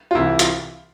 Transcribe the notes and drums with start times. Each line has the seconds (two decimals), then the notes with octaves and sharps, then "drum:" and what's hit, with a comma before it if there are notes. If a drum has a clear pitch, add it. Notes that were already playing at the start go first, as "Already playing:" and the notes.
0.11 F4
0.15 C2 C3 E3 E4
0.39 F4, drum: hi-hat